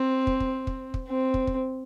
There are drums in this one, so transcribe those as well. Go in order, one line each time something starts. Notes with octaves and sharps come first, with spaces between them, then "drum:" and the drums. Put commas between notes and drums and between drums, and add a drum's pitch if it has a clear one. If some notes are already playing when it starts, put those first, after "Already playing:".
Already playing: C4
drum: kick
drum: kick
drum: kick
drum: kick
C4
drum: kick
drum: kick